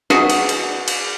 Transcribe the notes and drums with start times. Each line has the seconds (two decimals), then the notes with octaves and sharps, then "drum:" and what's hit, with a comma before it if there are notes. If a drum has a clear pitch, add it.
0.10 B2 F#4 G#4, drum: snare
0.30 drum: cymbal
0.49 drum: cymbal
0.88 drum: cymbal